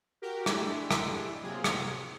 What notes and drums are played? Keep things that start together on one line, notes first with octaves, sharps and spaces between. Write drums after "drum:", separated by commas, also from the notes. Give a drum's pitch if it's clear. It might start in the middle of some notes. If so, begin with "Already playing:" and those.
F#4 G4 A#4
G#3 A3 D4 E4 G4, drum: rim click
drum: rim click
C3 F#3 A#3 F4 G#4
drum: rim click